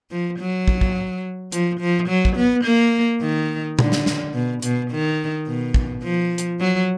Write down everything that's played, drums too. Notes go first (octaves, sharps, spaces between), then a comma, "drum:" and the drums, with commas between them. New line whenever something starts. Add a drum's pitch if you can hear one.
F3
F#3
drum: kick
drum: kick
F3, drum: hi-hat
F3
F#3
drum: kick
B3
A#3
D#3
D3, drum: tom A#2
drum: snare
drum: snare
B2
B2, drum: hi-hat
D#3
B2
drum: kick
F3
drum: hi-hat
F#3